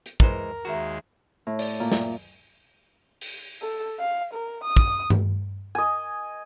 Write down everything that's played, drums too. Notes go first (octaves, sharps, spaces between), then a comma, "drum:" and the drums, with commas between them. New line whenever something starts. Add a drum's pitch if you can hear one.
drum: hi-hat
E3 G#3 A#4 C5, drum: kick
D#2 G#3 F#4 E5 A#5
A2
D5, drum: open hi-hat
A#2
drum: snare
drum: open hi-hat
A4
F5
A#4
D#6
drum: kick
drum: tom G2
D#5 G#5